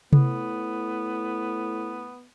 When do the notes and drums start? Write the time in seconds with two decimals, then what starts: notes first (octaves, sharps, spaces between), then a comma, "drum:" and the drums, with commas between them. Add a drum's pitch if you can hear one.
0.13 A2 B3, drum: tom C3